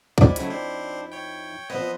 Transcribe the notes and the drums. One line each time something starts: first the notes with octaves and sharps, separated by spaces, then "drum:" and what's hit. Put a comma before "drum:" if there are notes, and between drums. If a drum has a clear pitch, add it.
F2 D#4 E4 D5, drum: kick
C#3 F#3 A3, drum: hi-hat
C4 D4 C5
C#5 G5
F3 B3 C4 B4 D#5